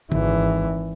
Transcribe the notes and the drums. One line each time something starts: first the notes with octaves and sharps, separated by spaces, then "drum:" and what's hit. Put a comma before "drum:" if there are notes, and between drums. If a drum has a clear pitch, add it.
G#1 E3, drum: tom D3